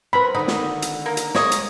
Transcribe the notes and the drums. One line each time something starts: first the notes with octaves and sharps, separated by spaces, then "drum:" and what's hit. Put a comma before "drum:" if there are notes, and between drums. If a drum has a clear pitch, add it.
C4 A#4 B4 B5
D3 D#3 D#4
drum: snare
drum: hi-hat
A#3 A#4
drum: hi-hat
G#3 A#3 C#5 D#5, drum: snare
drum: hi-hat